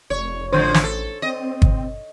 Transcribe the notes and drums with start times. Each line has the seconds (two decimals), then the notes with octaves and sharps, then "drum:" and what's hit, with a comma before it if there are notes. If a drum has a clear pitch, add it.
0.10 F1 C#5
0.53 A1 D3 E3 F3 C5
0.74 drum: snare
0.84 A4
1.22 C4 D#5
1.62 drum: kick